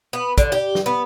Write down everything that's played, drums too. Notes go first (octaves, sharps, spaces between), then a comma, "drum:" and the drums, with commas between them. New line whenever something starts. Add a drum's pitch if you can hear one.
B3
D3, drum: kick, hi-hat
G4
drum: snare
B3